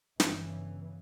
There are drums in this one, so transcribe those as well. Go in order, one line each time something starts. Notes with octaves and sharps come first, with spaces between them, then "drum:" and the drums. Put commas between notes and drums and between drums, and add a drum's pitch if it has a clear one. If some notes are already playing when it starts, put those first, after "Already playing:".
G1 C#3 E3, drum: snare